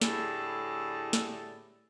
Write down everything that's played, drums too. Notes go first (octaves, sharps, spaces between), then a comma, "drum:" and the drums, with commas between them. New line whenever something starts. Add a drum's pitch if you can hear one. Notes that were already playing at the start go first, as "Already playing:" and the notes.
A2 D3 G3 E4 G#4 A4, drum: snare
drum: snare